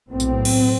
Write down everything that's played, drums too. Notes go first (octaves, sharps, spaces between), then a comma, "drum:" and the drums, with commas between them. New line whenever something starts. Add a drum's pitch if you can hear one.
B1 A2 C4
drum: tambourine
drum: cymbal